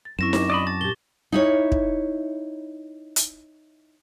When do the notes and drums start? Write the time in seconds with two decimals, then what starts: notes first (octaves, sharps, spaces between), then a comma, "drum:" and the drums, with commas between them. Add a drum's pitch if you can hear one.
0.05 A6
0.19 F#2 C4 E4 C#6 A#6 E7
0.33 D6, drum: snare D#4
0.50 D5 D#5 B5 C#6
0.67 A5 A6
0.81 A#2 G4 G7
1.32 D#4 E4 C#5
1.72 drum: kick
3.16 drum: hi-hat